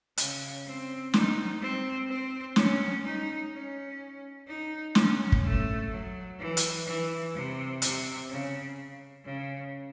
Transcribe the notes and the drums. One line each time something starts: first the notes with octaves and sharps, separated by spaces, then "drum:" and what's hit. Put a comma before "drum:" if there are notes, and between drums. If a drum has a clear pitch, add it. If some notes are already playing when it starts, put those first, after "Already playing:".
C#3, drum: hi-hat
C4
D#4, drum: snare
C4
C4
C#4, drum: snare
D#4
C#4
D#4
C#4, drum: snare
drum: kick
A3
F#3
E3
drum: hi-hat
E3
C3
C3, drum: hi-hat
C#3
C#3